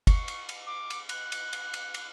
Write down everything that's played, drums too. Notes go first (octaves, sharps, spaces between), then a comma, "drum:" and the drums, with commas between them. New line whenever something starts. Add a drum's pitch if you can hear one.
C#6, drum: kick, cymbal
drum: cymbal
drum: cymbal
D6
drum: cymbal
F#6, drum: cymbal
drum: cymbal
drum: cymbal
drum: cymbal
drum: cymbal